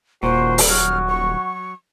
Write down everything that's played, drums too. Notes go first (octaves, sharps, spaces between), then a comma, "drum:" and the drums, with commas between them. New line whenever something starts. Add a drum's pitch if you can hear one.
D#1 A#2 F#4 C5
drum: open hi-hat
F#3 F#4 F6
C#6